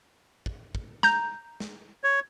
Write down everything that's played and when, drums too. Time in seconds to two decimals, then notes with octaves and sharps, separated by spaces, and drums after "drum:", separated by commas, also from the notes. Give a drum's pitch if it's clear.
0.46 drum: kick
0.75 drum: kick
1.03 A#5 G6, drum: snare
1.60 drum: snare
2.04 C#5